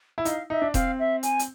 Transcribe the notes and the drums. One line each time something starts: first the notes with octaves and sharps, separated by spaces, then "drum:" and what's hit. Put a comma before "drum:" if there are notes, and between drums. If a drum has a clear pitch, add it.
E4
D#4 F5, drum: hi-hat
D#4 E5
D4
C4 F5, drum: kick E1, hi-hat
E5
G#5, drum: hi-hat
drum: hi-hat